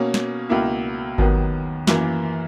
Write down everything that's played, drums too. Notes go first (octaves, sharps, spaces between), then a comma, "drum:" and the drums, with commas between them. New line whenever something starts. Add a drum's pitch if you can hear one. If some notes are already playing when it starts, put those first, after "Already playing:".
Already playing: B2 A#3 C#4
drum: snare
C#2 B2 A#3 E4
D#2 D#3 F#3 B3, drum: kick G#1
F#2 E3 A#3, drum: snare